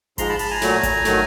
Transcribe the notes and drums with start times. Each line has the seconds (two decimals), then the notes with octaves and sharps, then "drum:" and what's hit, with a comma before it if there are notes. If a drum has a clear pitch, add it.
0.18 G#2 F3 G#3 A#5 C6, drum: kick G#1, hi-hat
0.29 A5 B5
0.39 A5 B5, drum: open hi-hat
0.50 G#5 A#5
0.62 A#2 F#3 A3, drum: snare
0.83 drum: kick G#1, hi-hat
1.05 D#3 F#3 A3, drum: snare